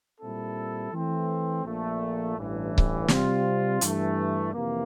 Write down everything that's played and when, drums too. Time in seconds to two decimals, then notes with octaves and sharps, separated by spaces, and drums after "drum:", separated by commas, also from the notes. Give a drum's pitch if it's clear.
0.20 A#2 G3 C4 E4 A4
0.93 E3 A3 C4
1.64 A#1 A#2 A3
2.37 A1 G2 E3
2.78 drum: kick C#1
3.08 C3 G3 C4 F4, drum: snare
3.81 G2 E3 A3, drum: hi-hat
4.53 F2 C3 E3 A#3